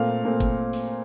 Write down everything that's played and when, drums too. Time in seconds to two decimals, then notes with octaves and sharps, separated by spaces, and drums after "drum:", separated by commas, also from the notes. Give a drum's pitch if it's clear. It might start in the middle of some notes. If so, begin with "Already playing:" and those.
Already playing: A#2 A3 C4 F5
0.24 A#2 A3 C4
0.40 drum: kick G1, hi-hat
0.73 drum: open hi-hat